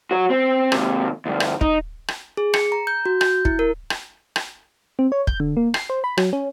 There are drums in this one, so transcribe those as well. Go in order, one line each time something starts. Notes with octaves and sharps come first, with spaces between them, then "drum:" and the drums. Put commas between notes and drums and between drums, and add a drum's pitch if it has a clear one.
F#4 C#5
C4
D#2 C3, drum: rim click
D2 G2
drum: rim click
D#4, drum: kick
drum: rim click
G#4
C#7, drum: rim click
A#5
G6
F#4
G6, drum: rim click
E4, drum: kick
A#4
drum: rim click
drum: rim click
C4
C#5
G6, drum: kick
D3
A#3
C7, drum: rim click
C5
B5
F#3, drum: rim click
C#4